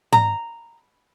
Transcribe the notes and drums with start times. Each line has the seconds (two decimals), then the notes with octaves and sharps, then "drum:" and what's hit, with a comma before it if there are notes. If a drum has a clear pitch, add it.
0.12 A#5, drum: tom G#2